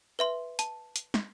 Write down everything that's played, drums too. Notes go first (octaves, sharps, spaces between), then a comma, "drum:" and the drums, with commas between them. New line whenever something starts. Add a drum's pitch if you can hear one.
B4 E5 C6
A5, drum: hi-hat
drum: hi-hat
drum: snare